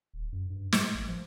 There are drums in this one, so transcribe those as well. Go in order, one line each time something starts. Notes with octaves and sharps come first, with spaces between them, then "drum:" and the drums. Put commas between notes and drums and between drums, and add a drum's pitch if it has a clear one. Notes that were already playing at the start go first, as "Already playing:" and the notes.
D#1
F#2
G2
A2, drum: snare
A1
F3